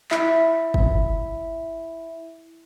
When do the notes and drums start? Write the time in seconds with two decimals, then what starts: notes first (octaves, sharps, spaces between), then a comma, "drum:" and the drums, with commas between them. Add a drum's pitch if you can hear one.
0.11 E4 E5, drum: clap
0.74 drum: kick